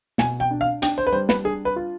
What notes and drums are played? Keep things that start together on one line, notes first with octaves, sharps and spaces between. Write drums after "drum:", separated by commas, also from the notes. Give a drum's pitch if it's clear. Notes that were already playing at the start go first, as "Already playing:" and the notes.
B2 G#5, drum: snare
G5
D4
F5
D4 G5, drum: hi-hat
C5
B4
G3 C5
B4, drum: snare
D4 G#4
B4
F4